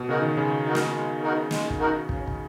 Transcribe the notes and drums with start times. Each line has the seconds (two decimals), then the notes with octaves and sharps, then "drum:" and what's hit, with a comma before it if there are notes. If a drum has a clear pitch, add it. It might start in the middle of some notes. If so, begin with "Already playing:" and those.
Already playing: B2
0.08 C#3 D#4 F#4 A#4
0.23 D#3
0.37 C#3 G#3
0.65 D#4 F#4 A#4
0.75 drum: snare
0.94 G#3
1.22 D#4 F#4 A#4
1.51 G#3, drum: snare
1.70 drum: kick
1.80 D#4 F#4 A#4
2.09 C#3, drum: kick
2.27 drum: kick